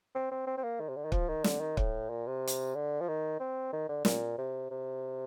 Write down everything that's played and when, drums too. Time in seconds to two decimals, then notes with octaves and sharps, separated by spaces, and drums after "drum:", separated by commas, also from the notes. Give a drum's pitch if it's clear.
0.15 C4
0.31 C4
0.47 C4
0.57 C4
0.63 A#3
0.80 D#3
0.89 C3
0.96 D3
1.05 D#3
1.12 F3, drum: kick
1.29 D#3
1.44 D3, drum: snare
1.61 D#3
1.77 A2, drum: kick
2.10 A#2
2.27 C3
2.47 drum: hi-hat
2.75 D3
3.01 F3
3.08 D#3
3.40 C4
3.73 D#3
3.89 D3
4.05 A#2, drum: snare
4.38 C3
4.70 C3